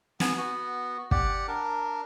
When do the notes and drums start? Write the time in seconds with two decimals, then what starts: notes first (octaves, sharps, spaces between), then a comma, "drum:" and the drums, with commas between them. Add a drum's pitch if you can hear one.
0.20 B3 G#5, drum: snare
0.38 B3 F#4
1.11 G4 D5 F#5, drum: kick
1.48 D4 A#4